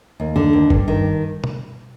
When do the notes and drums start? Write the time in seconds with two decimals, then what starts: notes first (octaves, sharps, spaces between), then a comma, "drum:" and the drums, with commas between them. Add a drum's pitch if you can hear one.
0.20 D#2
0.36 D3
0.53 D#2
0.70 G2, drum: kick
0.88 D#3
1.44 drum: tom B2